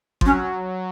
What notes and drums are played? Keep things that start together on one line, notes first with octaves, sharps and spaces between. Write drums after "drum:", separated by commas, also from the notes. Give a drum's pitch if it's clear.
F3, drum: kick G#1
F#3 C#4